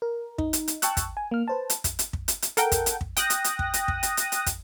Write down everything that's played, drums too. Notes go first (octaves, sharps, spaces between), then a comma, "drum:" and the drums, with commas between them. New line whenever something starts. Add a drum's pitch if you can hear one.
A#4
D#4, drum: kick
drum: hi-hat
drum: hi-hat
G5 A5 C#6 E6 F#6, drum: hi-hat
drum: kick, hi-hat
G#5
A#3 F6
B4 C5 A5
drum: hi-hat
drum: kick, hi-hat
drum: hi-hat
drum: kick
drum: hi-hat
drum: hi-hat
A4 A#4 F#5 G5, drum: hi-hat
drum: kick, hi-hat
drum: hi-hat
drum: kick
G5 D#6 F#6 A#6, drum: hi-hat
drum: hi-hat
drum: hi-hat
drum: kick
drum: hi-hat
drum: kick
drum: hi-hat
drum: hi-hat
drum: hi-hat
drum: kick, hi-hat